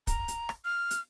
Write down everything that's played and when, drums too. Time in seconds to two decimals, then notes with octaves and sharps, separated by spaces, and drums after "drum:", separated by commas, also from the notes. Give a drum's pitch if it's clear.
0.07 A#5, drum: kick, hi-hat
0.28 drum: hi-hat
0.49 drum: rim click
0.65 F6
0.91 drum: hi-hat